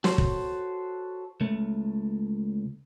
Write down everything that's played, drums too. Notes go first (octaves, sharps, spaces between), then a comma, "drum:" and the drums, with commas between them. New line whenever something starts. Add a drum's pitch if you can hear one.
F#4 A4 C5 C#5, drum: snare
drum: kick
C#2 A3